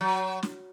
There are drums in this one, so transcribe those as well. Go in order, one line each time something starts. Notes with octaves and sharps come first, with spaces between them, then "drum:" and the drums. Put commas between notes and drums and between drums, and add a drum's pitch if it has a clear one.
F#3
drum: snare